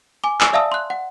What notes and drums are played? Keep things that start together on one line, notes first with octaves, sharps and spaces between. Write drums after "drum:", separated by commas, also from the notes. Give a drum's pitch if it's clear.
G#5 D6
G#5, drum: clap
D5 E5 F5 A5 D#6 E6
C6 F#6
F#5